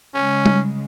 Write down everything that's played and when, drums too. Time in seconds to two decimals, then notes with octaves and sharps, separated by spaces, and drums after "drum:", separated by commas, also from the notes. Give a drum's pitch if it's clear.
0.14 C#3 G#3 C#4
0.46 drum: tom G3